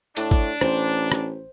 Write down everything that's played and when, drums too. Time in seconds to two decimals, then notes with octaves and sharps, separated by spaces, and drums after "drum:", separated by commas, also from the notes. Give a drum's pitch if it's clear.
0.17 A2 D4, drum: hi-hat
0.31 drum: kick G#1
0.61 A1 C5, drum: rim click
1.12 drum: rim click